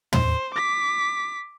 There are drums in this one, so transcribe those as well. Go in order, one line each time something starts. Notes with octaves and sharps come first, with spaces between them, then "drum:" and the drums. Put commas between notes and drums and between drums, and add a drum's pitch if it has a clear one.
C5, drum: tom
D6 B6